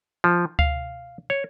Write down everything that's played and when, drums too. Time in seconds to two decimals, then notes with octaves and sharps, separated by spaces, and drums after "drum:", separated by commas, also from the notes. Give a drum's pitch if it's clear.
0.24 F3
0.59 F5, drum: kick D2
1.30 C#5